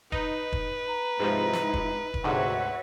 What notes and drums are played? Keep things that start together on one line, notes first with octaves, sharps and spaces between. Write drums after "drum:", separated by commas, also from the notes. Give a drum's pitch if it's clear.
D#4 B4, drum: kick E1
drum: kick E1
A#5
G#2 C3 F3 G#3 D#4 E4
drum: snare
drum: kick E1
drum: kick E1
D2 G#2 C3 F#4 C#5 E5 F#5